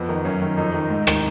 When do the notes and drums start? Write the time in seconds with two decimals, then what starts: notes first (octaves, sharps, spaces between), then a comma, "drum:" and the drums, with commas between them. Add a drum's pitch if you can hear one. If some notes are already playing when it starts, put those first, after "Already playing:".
Already playing: F2 B3
0.09 D#3
0.25 F#2 C#4
0.42 D#3
0.57 F2 D#4
0.74 D#3
0.90 G#2
1.07 D#3, drum: rim click